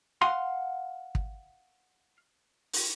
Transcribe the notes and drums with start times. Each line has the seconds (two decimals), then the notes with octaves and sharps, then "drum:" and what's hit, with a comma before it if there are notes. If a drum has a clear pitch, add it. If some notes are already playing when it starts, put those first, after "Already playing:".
0.22 F5 F#5 C6
1.15 drum: kick
2.73 drum: open hi-hat